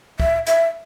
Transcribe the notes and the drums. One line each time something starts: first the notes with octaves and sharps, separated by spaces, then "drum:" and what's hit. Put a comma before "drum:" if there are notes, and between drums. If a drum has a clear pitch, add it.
E5, drum: kick
E5, drum: hi-hat